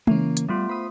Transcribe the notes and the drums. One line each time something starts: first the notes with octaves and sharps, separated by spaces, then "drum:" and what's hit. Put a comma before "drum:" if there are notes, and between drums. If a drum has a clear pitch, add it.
C#3 E3 A#3 C#4, drum: tom G#3
drum: hi-hat
G3 A3 B3 F4
C5 B5 D#6